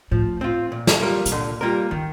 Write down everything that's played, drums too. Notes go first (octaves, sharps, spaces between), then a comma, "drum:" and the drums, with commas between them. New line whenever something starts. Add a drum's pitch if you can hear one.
A2 F3
C4 F4
A#2
drum: snare
G3 A#3 F4 A#4
C3, drum: hi-hat
A#2 D3
G3 A#3 F4 A#4
D3 D#3